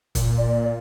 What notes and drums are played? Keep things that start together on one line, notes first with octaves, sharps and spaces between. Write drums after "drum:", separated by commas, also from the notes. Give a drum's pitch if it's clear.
A#2, drum: kick, hi-hat
D5